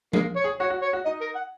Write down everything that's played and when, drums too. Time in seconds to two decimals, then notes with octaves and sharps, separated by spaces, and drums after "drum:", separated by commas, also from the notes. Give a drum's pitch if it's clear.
0.13 G#3 A#3, drum: tom F3
0.36 C#5
0.44 G#4
0.60 F#4 C#5
0.70 F#4
0.82 C#5
0.93 F#4
1.05 D#4 D#5
1.21 A#4
1.35 F#5